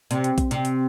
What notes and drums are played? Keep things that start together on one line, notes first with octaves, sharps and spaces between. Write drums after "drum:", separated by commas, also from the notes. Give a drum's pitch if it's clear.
C3, drum: hi-hat
drum: hi-hat
drum: kick A#1, hi-hat
C3, drum: hi-hat
drum: hi-hat